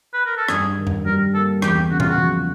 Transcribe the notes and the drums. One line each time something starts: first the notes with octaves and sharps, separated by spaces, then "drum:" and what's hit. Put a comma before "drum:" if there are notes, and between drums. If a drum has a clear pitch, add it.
B4
A#4
A4
G2 G#4, drum: rim click
D#3
drum: tom F2
G3 A#4
A#3 A4
E2 G4, drum: rim click
C#3 F#4
F4, drum: tom
F#4
F3